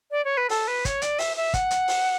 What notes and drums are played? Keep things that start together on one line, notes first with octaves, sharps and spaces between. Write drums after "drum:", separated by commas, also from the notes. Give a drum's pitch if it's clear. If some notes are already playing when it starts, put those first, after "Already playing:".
D5
C#5
B4
A4, drum: open hi-hat
B4
C#5, drum: kick, hi-hat
D5, drum: hi-hat
E5, drum: open hi-hat
E5
F#5, drum: kick, hi-hat
drum: hi-hat
drum: open hi-hat